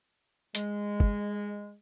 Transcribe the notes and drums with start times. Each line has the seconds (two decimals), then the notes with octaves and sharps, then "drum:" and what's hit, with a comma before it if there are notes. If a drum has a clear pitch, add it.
0.55 G#3, drum: hi-hat
1.00 drum: kick